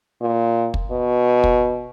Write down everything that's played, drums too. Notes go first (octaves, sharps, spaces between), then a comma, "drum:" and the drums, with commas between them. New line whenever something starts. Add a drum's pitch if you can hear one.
A#2
drum: kick
B2
drum: kick